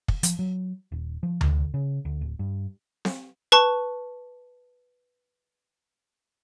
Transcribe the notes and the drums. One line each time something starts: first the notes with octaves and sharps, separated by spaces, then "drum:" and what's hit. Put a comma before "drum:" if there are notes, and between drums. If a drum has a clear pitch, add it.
drum: kick
F3, drum: hi-hat
F#3
D#1
F3
D2, drum: tom D2
C#3
D2
D1
G2
drum: snare C4
B4 A5 C#6